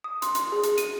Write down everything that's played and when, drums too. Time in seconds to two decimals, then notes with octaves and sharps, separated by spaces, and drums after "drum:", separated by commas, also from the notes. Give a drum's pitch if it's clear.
0.04 D#6
0.22 C6, drum: hi-hat
0.35 drum: hi-hat
0.52 G#4
0.63 drum: hi-hat
0.78 D#7, drum: hi-hat